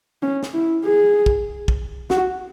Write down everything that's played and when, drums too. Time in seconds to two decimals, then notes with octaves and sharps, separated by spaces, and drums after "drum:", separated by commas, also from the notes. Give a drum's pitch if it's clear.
0.22 C#4
0.43 drum: snare
0.54 E4
0.85 G#4
1.26 drum: kick
1.68 drum: kick
2.10 F#4, drum: snare